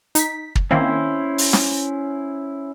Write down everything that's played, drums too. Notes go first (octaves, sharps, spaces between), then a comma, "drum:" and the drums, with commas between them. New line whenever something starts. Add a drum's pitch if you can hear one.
D#4 B6, drum: hi-hat
drum: kick
D#3 A#3 C4 C#4 E4 C5
drum: open hi-hat
drum: snare